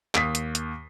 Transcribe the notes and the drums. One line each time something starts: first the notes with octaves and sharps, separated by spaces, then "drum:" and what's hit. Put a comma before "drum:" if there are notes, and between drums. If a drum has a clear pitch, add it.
D#2 D#6 B6 C7, drum: clap
drum: hi-hat
drum: hi-hat